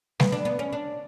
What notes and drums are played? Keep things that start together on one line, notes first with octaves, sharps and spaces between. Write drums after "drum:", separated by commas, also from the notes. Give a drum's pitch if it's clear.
B3, drum: snare G3
D4
B3
C#4
D4